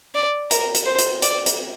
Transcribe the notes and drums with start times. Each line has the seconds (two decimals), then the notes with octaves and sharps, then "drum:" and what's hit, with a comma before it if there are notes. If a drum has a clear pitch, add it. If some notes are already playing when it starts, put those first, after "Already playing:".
0.15 D5
0.51 A#4, drum: hi-hat
0.74 drum: hi-hat
0.86 C5
0.98 drum: hi-hat
1.22 D5, drum: hi-hat
1.46 drum: hi-hat